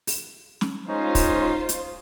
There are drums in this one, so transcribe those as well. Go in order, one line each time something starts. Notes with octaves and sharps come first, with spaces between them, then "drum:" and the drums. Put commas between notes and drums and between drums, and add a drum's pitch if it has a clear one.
drum: open hi-hat
drum: snare
G#3 C#4 D#4 F4 C5
drum: kick, open hi-hat
drum: hi-hat